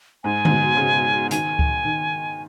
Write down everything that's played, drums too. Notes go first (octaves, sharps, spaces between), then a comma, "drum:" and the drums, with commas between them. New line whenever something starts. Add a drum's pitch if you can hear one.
G#2 G#5
G#2, drum: tom D3
B2
C#3
D#3 G#5, drum: hi-hat
drum: kick C#2
D#3